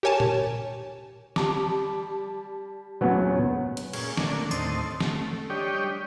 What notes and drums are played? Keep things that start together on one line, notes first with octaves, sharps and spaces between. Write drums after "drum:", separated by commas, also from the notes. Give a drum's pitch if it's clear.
G4 A#4 C#5 G#5 A5
drum: tom A#2
G3 A5 D6, drum: snare
A#1 E2 F#3 B3 C#4
drum: hi-hat
A#2 C#4 G#4, drum: cymbal
D3 A3 A#3 D4, drum: snare
D#2 A2 C4 D#5 A5 C6, drum: tambourine
A3, drum: snare
G3 D4 G4 C#5 D#5 G5